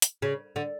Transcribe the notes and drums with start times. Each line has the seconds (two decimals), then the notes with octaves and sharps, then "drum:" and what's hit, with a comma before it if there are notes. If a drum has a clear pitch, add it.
0.02 drum: hi-hat
0.22 C#3
0.56 D3